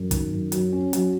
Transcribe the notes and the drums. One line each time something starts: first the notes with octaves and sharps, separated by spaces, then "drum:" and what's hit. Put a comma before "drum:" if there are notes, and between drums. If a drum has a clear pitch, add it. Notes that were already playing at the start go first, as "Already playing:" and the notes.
Already playing: F#2
D#3, drum: kick, hi-hat
F#2
F#3, drum: hi-hat
C#4
F#3, drum: hi-hat